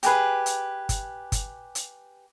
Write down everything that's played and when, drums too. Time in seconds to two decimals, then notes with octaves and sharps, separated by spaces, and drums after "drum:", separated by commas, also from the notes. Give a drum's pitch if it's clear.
0.03 G4 G#4 B4, drum: hi-hat
0.46 drum: hi-hat
0.89 drum: kick G1, hi-hat
1.32 drum: kick G1, hi-hat
1.75 drum: hi-hat